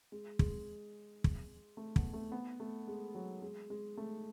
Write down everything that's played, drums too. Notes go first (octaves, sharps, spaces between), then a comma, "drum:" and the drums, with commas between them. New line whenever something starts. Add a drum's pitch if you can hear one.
G#3
G#3, drum: kick
drum: kick
A3
B3, drum: kick
A3
B3
A3
G#3
F#3
G#3
G#3
A3